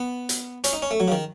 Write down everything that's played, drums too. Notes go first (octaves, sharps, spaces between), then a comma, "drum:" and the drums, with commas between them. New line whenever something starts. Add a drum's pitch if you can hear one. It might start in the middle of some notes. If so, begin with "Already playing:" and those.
Already playing: B3
drum: hi-hat
C#4, drum: hi-hat
D#4
C#4
A3
F#3
C#3
D#3